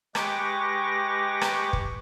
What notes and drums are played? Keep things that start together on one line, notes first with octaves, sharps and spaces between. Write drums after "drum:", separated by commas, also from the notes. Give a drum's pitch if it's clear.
G#3 G4 B4 C#6 D6 A#6, drum: rim click
drum: rim click
drum: kick